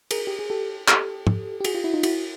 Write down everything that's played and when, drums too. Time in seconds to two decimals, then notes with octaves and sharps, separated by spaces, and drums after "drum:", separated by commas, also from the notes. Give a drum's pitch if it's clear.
0.11 G#4 A#4, drum: cymbal
0.27 G4
0.39 G#4
0.50 G4 A4
0.88 G4 A4, drum: clap
1.27 drum: tom
1.60 G4
1.64 F#4 G#4, drum: cymbal
1.75 F4 G4
1.84 E4 F#4
1.93 D#4 F4
2.03 E4 F#4, drum: cymbal